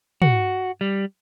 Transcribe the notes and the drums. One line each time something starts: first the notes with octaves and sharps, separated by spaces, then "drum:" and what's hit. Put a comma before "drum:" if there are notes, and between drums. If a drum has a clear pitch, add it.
F#4, drum: tom
G3